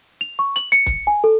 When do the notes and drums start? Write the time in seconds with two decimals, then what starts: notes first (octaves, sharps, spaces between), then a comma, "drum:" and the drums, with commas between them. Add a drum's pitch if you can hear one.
0.21 F7
0.39 C#6
0.56 F#7, drum: hi-hat
0.72 C#7, drum: hi-hat
0.86 drum: kick, hi-hat
1.07 G#5
1.24 A4